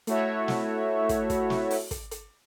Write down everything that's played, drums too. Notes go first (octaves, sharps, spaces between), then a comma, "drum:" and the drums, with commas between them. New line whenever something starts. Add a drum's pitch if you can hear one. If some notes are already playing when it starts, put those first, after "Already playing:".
A3 E4 F#4 C#5 E5, drum: hi-hat
drum: snare
drum: kick, hi-hat
drum: kick, hi-hat
drum: snare
drum: open hi-hat
drum: kick, hi-hat
drum: hi-hat